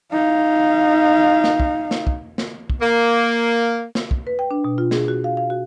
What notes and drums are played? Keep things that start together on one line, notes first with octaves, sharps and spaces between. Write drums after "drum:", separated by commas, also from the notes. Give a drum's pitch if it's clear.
D#4 F5
drum: snare
drum: kick
drum: snare
drum: kick
drum: snare
drum: kick
A#3
drum: snare
drum: kick
B4
G5
D4
B2
F4
G#4, drum: snare
F#4
F5
F5
F#4